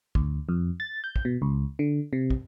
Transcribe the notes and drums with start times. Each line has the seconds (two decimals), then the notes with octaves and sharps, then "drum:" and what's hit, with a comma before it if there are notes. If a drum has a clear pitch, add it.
0.15 D2, drum: kick
0.49 F2
0.80 A6
1.04 G6
1.16 drum: kick
1.25 B2
1.42 C#2
1.79 D3
2.13 C3
2.30 drum: kick